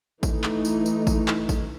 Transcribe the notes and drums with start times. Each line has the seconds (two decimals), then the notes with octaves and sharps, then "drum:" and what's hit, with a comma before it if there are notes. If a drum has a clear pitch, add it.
0.23 E3 A3 D#4, drum: kick G#1, tambourine
0.44 drum: clap
0.65 drum: tambourine
0.86 drum: tambourine
1.07 drum: kick G#1, tambourine
1.28 drum: clap
1.49 drum: kick G#1, tambourine